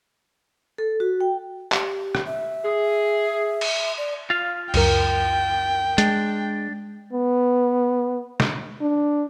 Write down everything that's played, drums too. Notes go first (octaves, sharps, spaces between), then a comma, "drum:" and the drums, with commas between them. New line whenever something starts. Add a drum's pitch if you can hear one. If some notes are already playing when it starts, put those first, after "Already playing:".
A4
F#4
G5
G4, drum: clap
drum: rim click
E5
G#4
drum: cymbal
D5
F4 F5
C#2 F#2 A#4 G5, drum: cymbal
G#3 D4, drum: hi-hat
B3
drum: snare
D4